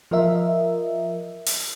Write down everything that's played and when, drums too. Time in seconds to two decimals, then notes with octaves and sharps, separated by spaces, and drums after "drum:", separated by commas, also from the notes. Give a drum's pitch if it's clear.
0.11 F3 F4 A#4 D#5 E5
1.46 drum: open hi-hat